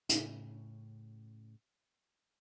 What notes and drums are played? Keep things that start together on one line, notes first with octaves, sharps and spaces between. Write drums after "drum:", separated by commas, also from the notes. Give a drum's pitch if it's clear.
A2 C#3, drum: hi-hat